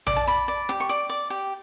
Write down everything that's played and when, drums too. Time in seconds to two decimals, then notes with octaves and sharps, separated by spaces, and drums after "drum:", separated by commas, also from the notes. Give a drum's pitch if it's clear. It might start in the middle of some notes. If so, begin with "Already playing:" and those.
0.07 D5, drum: tom A#1
0.16 A5
0.27 D5 B5
0.48 D5
0.69 G4, drum: rim click
0.80 C#6
0.89 D5 D6
1.10 D5
1.30 G4